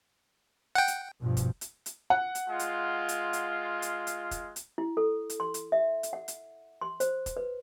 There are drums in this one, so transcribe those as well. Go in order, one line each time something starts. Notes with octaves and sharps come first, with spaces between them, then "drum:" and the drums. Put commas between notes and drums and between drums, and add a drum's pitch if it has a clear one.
F#5 G5
drum: hi-hat
G2 B2 F3
drum: kick, hi-hat
drum: hi-hat
drum: hi-hat
F#5
drum: hi-hat
G#3 F4
drum: hi-hat
drum: hi-hat
drum: hi-hat
drum: hi-hat
drum: hi-hat
drum: kick, hi-hat
drum: hi-hat
E4
A4
drum: hi-hat
C6
drum: hi-hat
E5
drum: hi-hat
F#5
drum: hi-hat
C6
C5, drum: hi-hat
drum: kick, hi-hat
B4